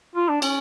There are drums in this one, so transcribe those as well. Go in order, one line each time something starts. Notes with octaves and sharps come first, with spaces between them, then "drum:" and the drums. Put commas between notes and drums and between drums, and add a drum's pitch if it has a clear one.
F4
D4
C#4, drum: cymbal